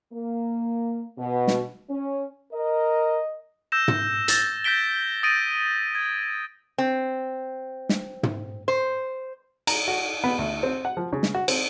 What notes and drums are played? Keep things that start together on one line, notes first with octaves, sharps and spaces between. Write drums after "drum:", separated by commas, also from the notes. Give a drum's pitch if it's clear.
A#3
B2
drum: snare
C#4
A#4 D#5
E6 G6 A#6 E7
drum: tom
E6 A6 A#6, drum: hi-hat
G6 A#6 B6 D7 G7
D#6 A6 A#6 D7 D#7
G#6
C4
drum: snare
drum: tom
C5
A#5, drum: cymbal
F#4
B3
D2
C4
F#5
F3
C#3
drum: snare
F#4
C4, drum: cymbal